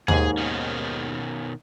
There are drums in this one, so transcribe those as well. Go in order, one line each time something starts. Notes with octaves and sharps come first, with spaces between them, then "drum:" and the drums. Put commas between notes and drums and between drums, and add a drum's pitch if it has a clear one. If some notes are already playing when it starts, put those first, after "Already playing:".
D#2 G#2 G#4, drum: tom D#2
B2 D#3 C#4